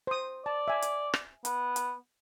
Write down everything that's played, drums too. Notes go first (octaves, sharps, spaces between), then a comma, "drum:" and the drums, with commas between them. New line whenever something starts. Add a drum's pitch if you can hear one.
C5 D#6
D5 A5
E5 G#5
drum: hi-hat
drum: rim click
B3, drum: hi-hat
drum: hi-hat